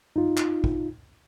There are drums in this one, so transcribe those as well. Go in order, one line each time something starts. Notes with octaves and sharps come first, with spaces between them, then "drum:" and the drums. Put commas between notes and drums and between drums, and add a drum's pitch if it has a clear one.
D#4 F4, drum: tom G2
drum: clap
drum: kick